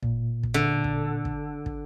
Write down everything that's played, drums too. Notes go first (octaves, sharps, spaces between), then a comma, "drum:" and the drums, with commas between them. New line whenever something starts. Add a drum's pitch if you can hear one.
A#2, drum: kick
drum: kick
D3
drum: kick
drum: kick
drum: kick